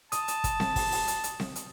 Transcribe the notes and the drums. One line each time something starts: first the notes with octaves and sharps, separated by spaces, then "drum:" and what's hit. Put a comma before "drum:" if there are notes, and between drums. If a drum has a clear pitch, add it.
A5 D#6, drum: hi-hat
drum: hi-hat
drum: kick, hi-hat
drum: snare C4
drum: kick, open hi-hat
drum: open hi-hat
drum: hi-hat
drum: hi-hat
drum: snare C4
drum: hi-hat